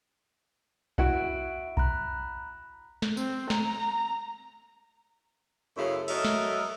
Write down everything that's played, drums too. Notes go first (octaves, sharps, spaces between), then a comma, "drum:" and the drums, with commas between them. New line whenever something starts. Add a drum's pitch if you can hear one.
E4 F#4 E5 F#5 D7, drum: kick B1
A#5 B5 F#6, drum: kick B1
drum: snare
C4, drum: tambourine
A#5, drum: snare
F#2 C#3 A3 E4
F#3 A4 A#4 D#5 E5, drum: cymbal
drum: snare